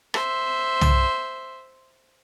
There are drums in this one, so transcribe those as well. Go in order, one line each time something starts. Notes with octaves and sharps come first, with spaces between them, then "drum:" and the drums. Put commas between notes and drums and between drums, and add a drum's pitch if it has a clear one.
C5 E5, drum: rim click
drum: tom